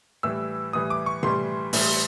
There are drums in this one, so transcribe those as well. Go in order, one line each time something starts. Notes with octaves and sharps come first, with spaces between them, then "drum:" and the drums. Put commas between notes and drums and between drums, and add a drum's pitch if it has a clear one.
A2 E3 G3 E6
A2 E3 G3 D#6
D6
C#6
A2 E3 G3 C6, drum: tom C3
A2 E3 G3, drum: open hi-hat